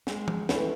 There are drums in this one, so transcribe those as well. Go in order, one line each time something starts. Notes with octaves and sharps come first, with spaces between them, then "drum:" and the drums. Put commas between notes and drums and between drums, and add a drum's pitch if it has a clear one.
G#3, drum: snare
drum: tom
A3 C#4 E4 B4, drum: snare